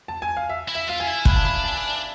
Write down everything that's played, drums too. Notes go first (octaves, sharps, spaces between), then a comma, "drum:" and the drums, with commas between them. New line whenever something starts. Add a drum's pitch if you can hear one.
A5
G#5
F5
E5
E4
E5
F4 F5
G#5
E4
D4 B5, drum: kick
A5
B5
A5